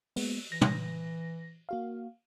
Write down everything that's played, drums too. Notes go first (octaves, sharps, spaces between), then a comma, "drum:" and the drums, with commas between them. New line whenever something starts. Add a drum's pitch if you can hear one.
G#3 A#3 B3, drum: open hi-hat
E3 A#6
drum: tom
A#3 F#4 F5